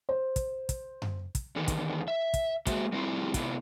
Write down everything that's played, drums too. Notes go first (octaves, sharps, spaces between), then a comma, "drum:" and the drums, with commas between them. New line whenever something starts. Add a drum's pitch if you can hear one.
C5
drum: kick, hi-hat
drum: kick, hi-hat
drum: tom F#2
drum: kick, hi-hat
E2 D3 D#3 B3
drum: kick, hi-hat
E5
drum: kick, hi-hat
G#3 A#3 F#4 C5 E5, drum: kick, hi-hat
G3 C4 E4 F4
C3 B3 E4 F4, drum: kick, hi-hat